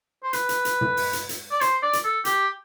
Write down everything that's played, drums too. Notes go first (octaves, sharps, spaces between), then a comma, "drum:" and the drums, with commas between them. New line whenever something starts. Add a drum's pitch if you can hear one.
C5
B4, drum: hi-hat
drum: hi-hat
drum: hi-hat
drum: tom
drum: open hi-hat
drum: hi-hat
drum: hi-hat
D5
C5, drum: hi-hat
D5
drum: hi-hat
A4
G4, drum: hi-hat